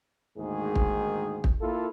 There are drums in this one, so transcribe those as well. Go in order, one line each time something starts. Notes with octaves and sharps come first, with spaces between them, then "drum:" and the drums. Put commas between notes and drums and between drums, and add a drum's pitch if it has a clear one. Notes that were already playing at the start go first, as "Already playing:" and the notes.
D2 G#2 D#3 A#3 G#4
drum: kick
drum: kick
A#3 E4 F4 A4